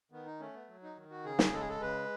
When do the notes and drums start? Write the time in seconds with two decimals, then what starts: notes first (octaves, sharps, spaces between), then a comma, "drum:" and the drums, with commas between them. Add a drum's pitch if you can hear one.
0.12 D#3 B3
0.26 D#4
0.40 A3 C#4
0.54 B3
0.69 F#3
0.83 D#4
0.96 D#3
1.11 F#4
1.25 C#3 G#4
1.39 drum: snare
1.53 G#3 A4
1.61 G#4
1.69 A4
1.81 C#3 B4